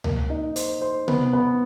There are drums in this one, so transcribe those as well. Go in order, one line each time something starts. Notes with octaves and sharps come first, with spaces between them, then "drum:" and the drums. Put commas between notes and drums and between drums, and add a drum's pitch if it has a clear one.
A#3, drum: tom C#2
D#4
C5, drum: hi-hat
C5
B3, drum: tom C3
B3